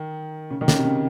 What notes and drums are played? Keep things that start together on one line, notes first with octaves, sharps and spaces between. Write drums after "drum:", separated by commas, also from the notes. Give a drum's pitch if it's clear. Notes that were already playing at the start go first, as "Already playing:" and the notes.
Already playing: D#3
C#3
D#3
C#3, drum: snare
C3
C#3